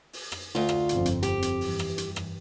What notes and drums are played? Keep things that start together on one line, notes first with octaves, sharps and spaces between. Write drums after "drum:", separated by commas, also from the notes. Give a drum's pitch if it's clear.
drum: open hi-hat
drum: rim click
D2 F4
drum: rim click
G1 F2 C4, drum: hi-hat
drum: hi-hat
G4, drum: hi-hat
drum: hi-hat
G2 E3, drum: open hi-hat
drum: rim click
drum: hi-hat
drum: rim click